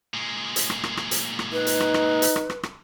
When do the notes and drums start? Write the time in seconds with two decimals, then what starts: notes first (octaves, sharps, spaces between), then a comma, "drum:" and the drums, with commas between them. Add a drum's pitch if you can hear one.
0.14 A#2 G#3
0.56 drum: hi-hat
0.70 drum: rim click
0.84 drum: rim click
0.97 drum: rim click
1.11 drum: hi-hat
1.39 drum: rim click
1.53 D#4 B4
1.67 drum: hi-hat
1.80 drum: rim click
1.94 drum: rim click
2.22 drum: hi-hat
2.36 drum: rim click
2.50 drum: rim click
2.63 drum: rim click